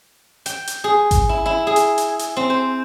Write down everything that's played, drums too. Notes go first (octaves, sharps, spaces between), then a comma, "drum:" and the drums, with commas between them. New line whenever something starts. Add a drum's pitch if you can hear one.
G5, drum: hi-hat
drum: hi-hat
G#4
drum: kick G#1, hi-hat
E4
E4
G#4
drum: hi-hat
drum: hi-hat
drum: hi-hat
C4
C5